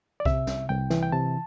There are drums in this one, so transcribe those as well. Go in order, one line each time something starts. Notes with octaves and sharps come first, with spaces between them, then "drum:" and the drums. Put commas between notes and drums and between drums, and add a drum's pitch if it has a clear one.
D5
C3 E5, drum: kick B1
C2, drum: snare
C2 G5
E3, drum: snare
G5
C3 A5